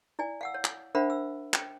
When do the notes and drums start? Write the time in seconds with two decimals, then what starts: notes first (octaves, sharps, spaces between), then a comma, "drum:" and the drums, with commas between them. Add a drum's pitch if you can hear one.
0.19 E4 D5 G#5
0.41 F5 F#5 E6
0.54 C#5
0.65 drum: clap
0.95 D4 A#4 C5 E5 F#5 B5
1.10 E6
1.54 G5, drum: clap